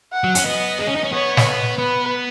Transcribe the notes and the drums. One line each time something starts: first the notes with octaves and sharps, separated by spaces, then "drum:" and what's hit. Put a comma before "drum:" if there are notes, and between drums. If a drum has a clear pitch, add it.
F#5
F#3
C#4, drum: hi-hat
B3 D#5
G#3
C#4
D#4
C#4
B3 C#5
drum: snare
B3 B4